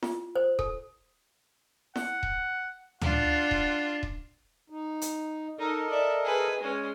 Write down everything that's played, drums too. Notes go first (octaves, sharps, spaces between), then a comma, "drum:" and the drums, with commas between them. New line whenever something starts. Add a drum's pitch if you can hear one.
F4, drum: snare E4
C5
A4, drum: kick D#1
F#5, drum: snare E4
drum: kick D#1
D4 F4 F#5, drum: tom D2
drum: kick D#1
drum: kick D#1
D#4
drum: hi-hat
D#4 A4 A#4 D#5
D5 E5
G#4 B4
G#3 C#4